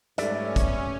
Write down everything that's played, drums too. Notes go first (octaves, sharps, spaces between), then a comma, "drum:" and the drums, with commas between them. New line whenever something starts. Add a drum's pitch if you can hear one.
G#2 G3 A3 C#4 B4 D5 E5, drum: hi-hat
drum: kick, hi-hat